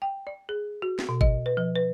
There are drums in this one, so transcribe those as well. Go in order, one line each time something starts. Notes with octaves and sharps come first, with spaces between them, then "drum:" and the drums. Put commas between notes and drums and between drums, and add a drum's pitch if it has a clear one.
G5
D5
G#4
F#4
drum: snare
B2
D#5, drum: kick
B4
F3
B4